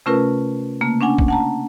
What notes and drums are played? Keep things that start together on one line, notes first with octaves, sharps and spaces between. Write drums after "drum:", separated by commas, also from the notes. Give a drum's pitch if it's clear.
C3 A3 C#4 F4 A#4 B4
C#3 A3 A#3
C#4 D4 F#5 G#5
drum: kick
F#5 A5 A#5